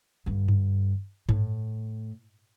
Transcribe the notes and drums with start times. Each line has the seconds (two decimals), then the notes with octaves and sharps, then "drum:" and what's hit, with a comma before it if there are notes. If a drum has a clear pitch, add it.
0.26 G2 D3
0.48 drum: tom G2
1.29 A2, drum: tom G2